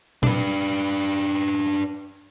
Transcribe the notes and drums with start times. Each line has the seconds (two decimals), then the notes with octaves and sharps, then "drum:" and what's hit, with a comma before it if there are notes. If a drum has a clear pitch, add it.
0.23 D4 B4, drum: tom A#2